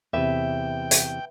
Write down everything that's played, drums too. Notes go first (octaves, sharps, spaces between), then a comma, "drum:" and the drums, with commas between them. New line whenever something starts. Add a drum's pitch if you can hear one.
E2 C3 B4 E5 G5
drum: hi-hat